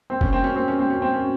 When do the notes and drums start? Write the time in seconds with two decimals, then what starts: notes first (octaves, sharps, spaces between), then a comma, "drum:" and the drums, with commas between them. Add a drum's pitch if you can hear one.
0.10 C4
0.21 C#4, drum: kick
0.33 C4
0.44 C#4
0.56 C4
0.68 C#4
0.79 C4
0.90 C#4
1.02 C4
1.14 C#4